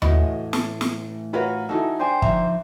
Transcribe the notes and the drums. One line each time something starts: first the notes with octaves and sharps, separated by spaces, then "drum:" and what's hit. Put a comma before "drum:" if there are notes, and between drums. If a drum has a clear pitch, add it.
A2 E3 A3 F#4 D#5, drum: tom D#2
A5, drum: snare
drum: snare
F4 F#4 A#4 B4 C#5 A#5
E3 D#4 F#4 A4
D4 G4 C5 G#5
F3 E5 A#5, drum: kick